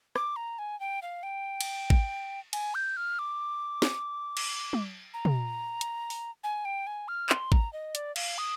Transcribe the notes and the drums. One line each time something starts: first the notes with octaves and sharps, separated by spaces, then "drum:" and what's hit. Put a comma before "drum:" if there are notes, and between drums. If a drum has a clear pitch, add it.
D6, drum: rim click
A#5
G#5
G5
F5
G5
drum: cymbal
drum: kick G#1
G#5, drum: cymbal
G6
F6
D6
drum: snare
drum: cymbal
drum: tom
A#5
drum: tom
drum: hi-hat
drum: open hi-hat
G#5
G5
G#5
F6
C6, drum: clap
A#5, drum: kick G#1
D#5
D5, drum: hi-hat
F5, drum: cymbal
D#6